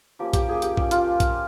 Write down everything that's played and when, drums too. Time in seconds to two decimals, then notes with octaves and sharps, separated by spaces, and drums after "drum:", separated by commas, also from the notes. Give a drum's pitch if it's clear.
0.19 F3 A#3 C#4 G4
0.33 G4, drum: kick B1, hi-hat
0.48 F3 A#3 C#4 G#4
0.62 G4, drum: hi-hat
0.77 F3 A#3 C#4 G4, drum: kick B1
0.91 F4, drum: hi-hat
1.06 F3 A#3 C#4
1.20 drum: kick B1, hi-hat